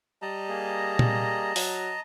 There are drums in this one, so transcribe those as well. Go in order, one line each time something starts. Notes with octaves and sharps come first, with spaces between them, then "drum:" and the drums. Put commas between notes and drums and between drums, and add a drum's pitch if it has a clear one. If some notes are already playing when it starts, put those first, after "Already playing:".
G3 D#5 A5 A#5
A#3 G#4
G3, drum: tom A#2
F#3, drum: open hi-hat